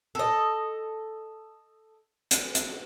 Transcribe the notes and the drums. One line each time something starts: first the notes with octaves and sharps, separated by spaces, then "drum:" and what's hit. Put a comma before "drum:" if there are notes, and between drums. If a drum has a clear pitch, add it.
A4 D#5
drum: hi-hat
drum: hi-hat